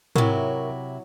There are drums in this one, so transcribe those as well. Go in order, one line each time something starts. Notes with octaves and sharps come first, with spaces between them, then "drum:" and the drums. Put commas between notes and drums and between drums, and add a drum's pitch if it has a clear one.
C3 F#3 E4 A#4 C#5, drum: tom